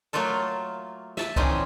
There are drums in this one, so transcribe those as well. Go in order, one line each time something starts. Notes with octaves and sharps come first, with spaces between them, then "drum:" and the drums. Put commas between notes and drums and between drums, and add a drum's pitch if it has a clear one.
F#3 A3 A#3 F4 A4
E5 A5, drum: snare
D3 E3 C4 C#4 D#4, drum: kick C2